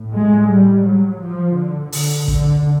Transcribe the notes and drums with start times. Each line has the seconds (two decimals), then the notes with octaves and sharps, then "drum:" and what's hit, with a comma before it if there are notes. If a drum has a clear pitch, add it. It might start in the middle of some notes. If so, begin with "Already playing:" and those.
Already playing: A2
0.15 G#3
0.50 G3
0.85 F#3
1.21 F3
1.56 D3
1.92 D3, drum: open hi-hat
2.28 D3, drum: kick